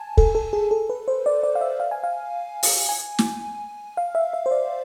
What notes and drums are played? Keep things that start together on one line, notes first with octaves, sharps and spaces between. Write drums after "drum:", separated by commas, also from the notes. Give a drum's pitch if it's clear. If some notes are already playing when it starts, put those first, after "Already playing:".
Already playing: G#5 A5
A4, drum: kick
A4
G#4
A4
B4
C5
D5
D5
F5
E5
F5
G#5
F5
drum: open hi-hat
G#5
drum: snare
F5
E5
E5
C5
D5